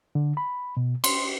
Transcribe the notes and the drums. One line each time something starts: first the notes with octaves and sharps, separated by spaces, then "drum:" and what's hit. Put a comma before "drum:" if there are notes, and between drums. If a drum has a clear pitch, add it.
D3
B5
B2
C6, drum: cymbal